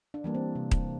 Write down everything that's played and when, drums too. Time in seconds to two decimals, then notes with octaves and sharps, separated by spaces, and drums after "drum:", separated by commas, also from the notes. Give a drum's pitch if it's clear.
0.14 D4
0.24 E3 G3 A#3
0.35 C4
0.55 C3
0.72 drum: kick D#1